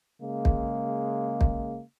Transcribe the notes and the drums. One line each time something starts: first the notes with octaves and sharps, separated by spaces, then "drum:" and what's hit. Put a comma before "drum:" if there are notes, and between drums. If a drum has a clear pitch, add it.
C#3 G#3 A#3
drum: kick
drum: kick